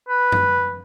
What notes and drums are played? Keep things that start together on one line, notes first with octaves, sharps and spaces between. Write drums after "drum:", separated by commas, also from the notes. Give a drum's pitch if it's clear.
B4
drum: tom F#2